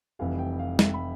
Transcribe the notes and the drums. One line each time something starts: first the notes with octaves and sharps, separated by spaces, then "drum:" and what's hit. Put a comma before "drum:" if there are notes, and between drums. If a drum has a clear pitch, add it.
F1 F2 E3 G3 F5
G5
F5
E5, drum: snare
B5